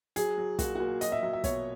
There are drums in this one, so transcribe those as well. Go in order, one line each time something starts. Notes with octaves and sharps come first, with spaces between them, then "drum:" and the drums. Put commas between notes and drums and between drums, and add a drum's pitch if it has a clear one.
F#3 G#4, drum: hi-hat
F#3
A#2 F#4, drum: kick, hi-hat
A#2 F#4
F#3 D#5, drum: hi-hat
E5
F#3 E5
E5
B2 C#5, drum: kick, hi-hat